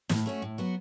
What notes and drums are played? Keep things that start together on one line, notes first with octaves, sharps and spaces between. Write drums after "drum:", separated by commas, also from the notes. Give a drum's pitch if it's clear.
A2, drum: snare
A3 C#4 F#4
A2
F#3 B3 F#4